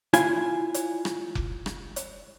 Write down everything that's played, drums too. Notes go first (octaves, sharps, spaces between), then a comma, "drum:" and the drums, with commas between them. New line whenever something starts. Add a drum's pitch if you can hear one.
E4 F4 G#5, drum: hi-hat
drum: hi-hat
drum: rim click
drum: kick F1
drum: rim click
drum: hi-hat